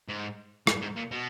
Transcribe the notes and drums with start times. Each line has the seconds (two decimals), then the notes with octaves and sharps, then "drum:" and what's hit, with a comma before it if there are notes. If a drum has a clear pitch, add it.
0.09 G#2
0.67 G2, drum: rim click
0.82 G#2
0.96 A#2
1.11 B2